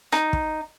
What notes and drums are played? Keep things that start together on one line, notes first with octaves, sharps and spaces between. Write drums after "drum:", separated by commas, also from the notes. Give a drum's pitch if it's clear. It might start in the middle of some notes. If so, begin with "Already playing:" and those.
D#4, drum: rim click
drum: kick